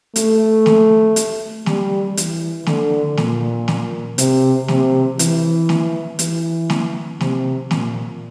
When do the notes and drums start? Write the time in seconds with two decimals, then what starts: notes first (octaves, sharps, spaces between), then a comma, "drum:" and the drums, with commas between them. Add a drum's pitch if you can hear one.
0.16 A3, drum: hi-hat
0.66 drum: snare
1.16 drum: hi-hat
1.66 G3, drum: snare
2.17 E3, drum: hi-hat
2.66 D3, drum: snare
3.17 A#2, drum: snare
3.68 drum: snare
4.18 C3, drum: hi-hat
4.68 C3, drum: snare
5.19 E3, drum: hi-hat
5.69 drum: snare
6.19 E3, drum: hi-hat
6.70 drum: snare
7.21 C3, drum: snare
7.71 A#2, drum: snare